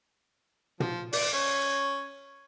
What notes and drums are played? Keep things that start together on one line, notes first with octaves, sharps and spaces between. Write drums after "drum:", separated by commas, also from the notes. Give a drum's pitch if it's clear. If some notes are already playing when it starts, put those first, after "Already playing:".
F3, drum: tom
D5, drum: open hi-hat
C#4